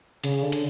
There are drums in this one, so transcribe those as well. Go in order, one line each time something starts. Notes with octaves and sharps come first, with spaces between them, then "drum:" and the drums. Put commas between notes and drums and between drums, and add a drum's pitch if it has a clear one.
C#3, drum: hi-hat
D3
drum: hi-hat